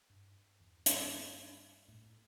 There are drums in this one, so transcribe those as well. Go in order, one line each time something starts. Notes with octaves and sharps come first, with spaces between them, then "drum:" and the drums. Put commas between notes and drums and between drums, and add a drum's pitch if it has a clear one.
G2
E2 E3
G2 G3, drum: hi-hat
A2 A3